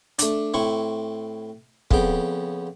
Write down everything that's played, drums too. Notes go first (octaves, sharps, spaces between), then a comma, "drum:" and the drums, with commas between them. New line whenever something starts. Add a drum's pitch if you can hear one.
A3 D4, drum: hi-hat
A2 C4 E4 C#6
F2 C#3 B3 G5, drum: kick